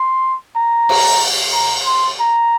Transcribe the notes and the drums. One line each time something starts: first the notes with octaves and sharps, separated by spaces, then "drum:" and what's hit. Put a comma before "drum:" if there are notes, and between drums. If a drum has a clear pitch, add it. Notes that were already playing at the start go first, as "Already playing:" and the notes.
Already playing: C6
A#5
drum: cymbal
A#5
C6
A#5